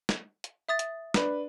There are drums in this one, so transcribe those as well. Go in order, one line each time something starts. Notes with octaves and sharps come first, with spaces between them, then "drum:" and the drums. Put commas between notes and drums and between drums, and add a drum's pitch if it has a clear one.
drum: snare
drum: hi-hat
E5 D#6 A6
drum: hi-hat
D4 B4, drum: snare